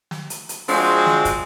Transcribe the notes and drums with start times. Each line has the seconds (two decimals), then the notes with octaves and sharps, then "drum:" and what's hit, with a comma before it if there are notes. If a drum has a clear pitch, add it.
0.11 drum: snare
0.30 drum: hi-hat
0.49 drum: hi-hat
0.68 F3 G#3 C4 D4 F#4 G#4, drum: open hi-hat
1.06 drum: snare
1.25 drum: kick, hi-hat